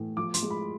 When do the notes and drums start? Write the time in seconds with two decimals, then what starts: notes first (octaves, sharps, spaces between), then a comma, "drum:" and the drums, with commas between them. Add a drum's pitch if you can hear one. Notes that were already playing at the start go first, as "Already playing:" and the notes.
Already playing: A2 E3
0.17 F3 D6
0.34 C6, drum: hi-hat
0.43 G#3
0.50 B5